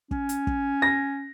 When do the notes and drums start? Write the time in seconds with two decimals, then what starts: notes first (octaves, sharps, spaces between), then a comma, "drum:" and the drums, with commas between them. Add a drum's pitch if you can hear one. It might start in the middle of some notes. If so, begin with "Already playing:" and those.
0.11 C#4, drum: kick
0.29 drum: hi-hat
0.47 drum: kick
0.82 A#6